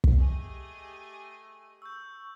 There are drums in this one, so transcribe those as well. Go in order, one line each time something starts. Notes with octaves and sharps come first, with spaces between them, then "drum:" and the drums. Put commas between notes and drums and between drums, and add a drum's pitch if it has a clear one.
drum: kick
A3 G4 G#4 D#5
C#6 E6 G6